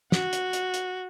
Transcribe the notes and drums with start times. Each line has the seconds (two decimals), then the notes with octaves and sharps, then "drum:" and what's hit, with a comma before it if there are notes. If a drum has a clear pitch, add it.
0.12 F#4, drum: snare
0.33 drum: hi-hat
0.53 drum: hi-hat
0.74 drum: hi-hat